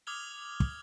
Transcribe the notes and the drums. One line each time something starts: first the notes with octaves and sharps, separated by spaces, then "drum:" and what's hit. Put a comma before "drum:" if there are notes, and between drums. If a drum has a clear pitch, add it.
D6 D#6 F6 G#6 F7 G7
drum: kick